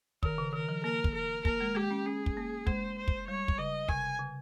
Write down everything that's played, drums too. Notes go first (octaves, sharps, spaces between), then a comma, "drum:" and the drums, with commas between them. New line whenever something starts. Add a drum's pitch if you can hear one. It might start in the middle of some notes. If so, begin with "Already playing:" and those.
D#3 A#4, drum: kick
C#3
D#3 A#4
F3
A#3 A#4
drum: kick
A#4
A#3 A#4, drum: kick
G#3
G#3 G4
C#4
C#4 G#4
drum: kick
A#3
G#3 C5, drum: kick
C5
drum: kick
G3 C#5
drum: kick
C#3 D#5
C3 G#5, drum: kick
C#3